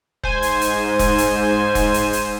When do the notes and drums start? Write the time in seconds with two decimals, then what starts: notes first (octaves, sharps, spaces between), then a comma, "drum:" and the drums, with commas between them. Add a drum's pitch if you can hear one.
0.23 G#2 C5 G#5, drum: kick E1
0.42 drum: hi-hat
0.61 drum: hi-hat
0.99 drum: kick E1, hi-hat
1.18 drum: hi-hat
1.75 drum: kick E1, hi-hat
1.94 drum: hi-hat
2.13 drum: hi-hat